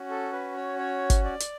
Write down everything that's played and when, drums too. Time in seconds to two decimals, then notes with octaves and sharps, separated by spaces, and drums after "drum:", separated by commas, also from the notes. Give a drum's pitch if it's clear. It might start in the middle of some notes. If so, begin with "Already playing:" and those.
Already playing: C#4 F#4
0.10 A4
0.33 B4
0.57 C#5
0.79 C#5
1.10 drum: kick G1, hi-hat
1.24 D5
1.40 drum: hi-hat